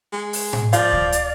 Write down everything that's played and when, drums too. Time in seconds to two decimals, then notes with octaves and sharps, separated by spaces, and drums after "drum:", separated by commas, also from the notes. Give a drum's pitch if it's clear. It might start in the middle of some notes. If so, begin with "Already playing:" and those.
0.12 G#3
0.33 drum: open hi-hat
0.53 drum: tom A2
0.73 F3 D5 F5, drum: hi-hat
0.93 drum: kick D2
1.12 drum: hi-hat